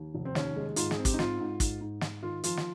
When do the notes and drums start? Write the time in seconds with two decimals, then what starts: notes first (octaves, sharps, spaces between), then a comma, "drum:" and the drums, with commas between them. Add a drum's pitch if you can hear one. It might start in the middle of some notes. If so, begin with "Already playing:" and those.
Already playing: D#2
0.15 F1
0.25 C4
0.35 D#2 C#4, drum: snare
0.56 G#3
0.76 G#2 F4, drum: hi-hat
0.91 G#4, drum: snare
0.98 C4
1.05 G4, drum: kick, hi-hat
1.14 D#4
1.19 G#2 F4, drum: snare
1.40 G#2
1.60 G#2, drum: kick, hi-hat
1.81 G#2
2.01 G#2, drum: snare
2.23 D#3 F4
2.44 F3 F4, drum: hi-hat
2.57 drum: snare